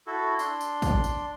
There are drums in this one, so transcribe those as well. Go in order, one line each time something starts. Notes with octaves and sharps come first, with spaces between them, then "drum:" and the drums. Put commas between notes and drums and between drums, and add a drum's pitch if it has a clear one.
E4 F#4 A4
D4 C6, drum: tambourine
drum: tambourine
drum: kick A#1, tambourine
drum: tambourine